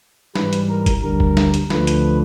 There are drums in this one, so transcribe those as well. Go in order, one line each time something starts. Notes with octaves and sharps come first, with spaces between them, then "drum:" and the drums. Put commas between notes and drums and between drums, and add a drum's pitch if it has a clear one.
G#2 E3 G3 B4, drum: snare
drum: hi-hat
A#4
drum: kick F#1, hi-hat
D2 D3 G3 A#4
drum: kick F#1
drum: snare
drum: hi-hat
D2 D3 F3 A3 B4, drum: snare
drum: hi-hat